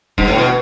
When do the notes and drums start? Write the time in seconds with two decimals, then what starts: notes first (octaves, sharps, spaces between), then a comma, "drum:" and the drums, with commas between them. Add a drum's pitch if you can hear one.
0.18 G2, drum: kick
0.28 A2
0.38 B2